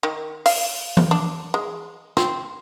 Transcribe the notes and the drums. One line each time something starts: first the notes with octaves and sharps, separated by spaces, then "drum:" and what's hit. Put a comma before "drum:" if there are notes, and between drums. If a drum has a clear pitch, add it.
D#3
F5, drum: open hi-hat
drum: tom E3
D4
G#3
C4, drum: snare